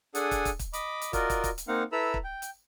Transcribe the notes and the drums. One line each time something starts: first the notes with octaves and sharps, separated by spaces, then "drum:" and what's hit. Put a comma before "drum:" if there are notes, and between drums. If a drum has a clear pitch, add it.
D4 G#4 A4 F#5 G#5 D#6, drum: hi-hat
drum: kick, hi-hat
drum: kick, hi-hat
drum: kick, hi-hat
D#5 B5 D6, drum: hi-hat
drum: hi-hat
F4 F#4 A#4 D5 D#5, drum: kick, hi-hat
drum: kick, hi-hat
drum: kick, hi-hat
drum: hi-hat
A#3 C4 D#4 F5 F#5
E4 A4 B4 A#5 B5 E6
drum: kick
G5
drum: hi-hat